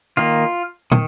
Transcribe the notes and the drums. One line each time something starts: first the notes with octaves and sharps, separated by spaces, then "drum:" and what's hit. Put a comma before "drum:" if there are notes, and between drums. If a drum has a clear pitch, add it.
D#3 A#3 F4
D#3, drum: tom